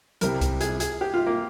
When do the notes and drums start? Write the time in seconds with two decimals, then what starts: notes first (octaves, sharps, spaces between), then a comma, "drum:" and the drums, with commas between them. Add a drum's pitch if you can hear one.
0.21 C2 C3 G3 A#4, drum: hi-hat
0.41 drum: kick C2, hi-hat
0.61 G#4, drum: hi-hat
0.80 G#4, drum: hi-hat
1.01 G4
1.14 F4
1.27 A#3